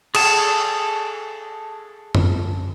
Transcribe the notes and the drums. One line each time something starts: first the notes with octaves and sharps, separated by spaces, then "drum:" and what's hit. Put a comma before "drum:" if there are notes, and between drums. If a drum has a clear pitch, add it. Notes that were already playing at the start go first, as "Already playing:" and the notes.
G#4 A4 A5, drum: cymbal
drum: tom F#2